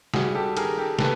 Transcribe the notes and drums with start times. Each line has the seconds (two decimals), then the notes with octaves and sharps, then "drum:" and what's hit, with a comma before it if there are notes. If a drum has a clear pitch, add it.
0.14 G3 F#4 G#4, drum: snare
0.35 G4 A4
0.57 D#3 G#4 A#4, drum: cymbal
0.78 G4 A4
0.99 A#3 A4 B4, drum: snare